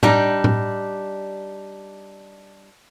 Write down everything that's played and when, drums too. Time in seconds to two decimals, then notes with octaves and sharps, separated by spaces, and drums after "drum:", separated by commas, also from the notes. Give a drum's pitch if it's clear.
0.03 G3 D4 D#4, drum: tom A2
0.44 drum: tom A2